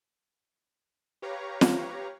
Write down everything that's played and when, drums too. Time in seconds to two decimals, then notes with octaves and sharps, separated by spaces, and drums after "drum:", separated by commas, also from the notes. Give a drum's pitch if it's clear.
1.22 G4 B4 C#5 F5 A#5
1.61 drum: snare